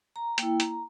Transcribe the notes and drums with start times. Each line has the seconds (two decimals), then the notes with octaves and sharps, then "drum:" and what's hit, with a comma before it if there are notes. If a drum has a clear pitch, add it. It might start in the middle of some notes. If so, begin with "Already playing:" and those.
0.16 A#5
0.38 A#3 E4 G5, drum: hi-hat
0.60 A#5, drum: hi-hat